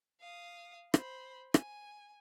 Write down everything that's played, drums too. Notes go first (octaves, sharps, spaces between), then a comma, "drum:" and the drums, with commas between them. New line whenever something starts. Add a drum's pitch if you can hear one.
F5 D#6
C5 B5, drum: rim click
G#5, drum: rim click